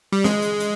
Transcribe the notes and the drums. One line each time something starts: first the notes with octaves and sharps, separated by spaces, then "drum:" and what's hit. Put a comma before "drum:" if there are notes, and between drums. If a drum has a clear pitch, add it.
G3
G#3, drum: snare
drum: hi-hat
drum: hi-hat